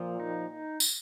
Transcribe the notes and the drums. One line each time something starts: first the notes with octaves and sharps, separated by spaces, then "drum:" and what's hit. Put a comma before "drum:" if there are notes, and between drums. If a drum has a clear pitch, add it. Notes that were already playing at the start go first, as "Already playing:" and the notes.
Already playing: A#2 F3
D#4
drum: tambourine